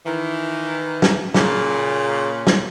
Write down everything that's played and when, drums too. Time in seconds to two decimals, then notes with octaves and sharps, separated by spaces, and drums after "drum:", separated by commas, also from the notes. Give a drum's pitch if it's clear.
0.05 D#3 E3
1.02 drum: snare
1.34 A#2 C#3, drum: snare
2.47 drum: snare